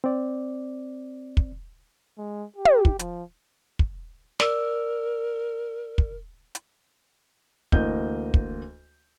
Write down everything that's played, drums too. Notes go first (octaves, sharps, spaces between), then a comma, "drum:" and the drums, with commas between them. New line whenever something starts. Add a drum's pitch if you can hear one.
C4 D5
drum: kick
G#3
G4
drum: tom
drum: kick
F3, drum: hi-hat
drum: kick
A#4 D5 E6, drum: snare
drum: kick
drum: hi-hat
D2 E3 A#3 D#5 G6, drum: kick
drum: kick